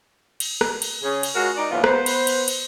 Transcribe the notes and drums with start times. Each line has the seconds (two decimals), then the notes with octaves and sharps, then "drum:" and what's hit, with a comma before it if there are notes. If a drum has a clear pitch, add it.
0.40 drum: cymbal
0.61 drum: rim click
0.82 drum: cymbal
1.03 C#3 G#4
1.23 drum: cymbal
1.35 G#3 C#4 F4 F#4 A#4
1.56 D#4 D5
1.70 D#2 A2 F3 B3 F4
1.84 B3 B4 C5, drum: rim click
2.06 drum: cymbal
2.27 drum: cymbal
2.48 drum: cymbal